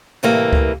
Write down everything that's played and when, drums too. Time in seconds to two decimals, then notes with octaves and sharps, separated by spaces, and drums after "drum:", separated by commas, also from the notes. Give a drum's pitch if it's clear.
0.23 A2 C3 E3 G3 A#3
0.53 drum: kick C#2